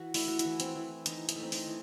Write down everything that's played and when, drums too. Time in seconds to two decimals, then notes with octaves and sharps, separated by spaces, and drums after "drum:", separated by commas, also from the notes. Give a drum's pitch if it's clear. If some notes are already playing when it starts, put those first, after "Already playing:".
Already playing: E3 F#4
0.14 A3 E4, drum: open hi-hat
0.28 F#4
0.39 E4, drum: hi-hat
0.45 E3
0.60 C4, drum: hi-hat
0.76 E3
1.06 E3 D#4, drum: hi-hat
1.29 D#4, drum: hi-hat
1.36 A3
1.43 C4
1.52 D#4, drum: open hi-hat
1.67 E3